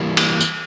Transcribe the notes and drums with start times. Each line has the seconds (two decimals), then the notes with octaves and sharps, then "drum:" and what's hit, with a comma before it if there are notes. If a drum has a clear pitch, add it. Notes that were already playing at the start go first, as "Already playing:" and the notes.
Already playing: E3 G3 A#3
0.17 drum: cymbal
0.41 drum: tambourine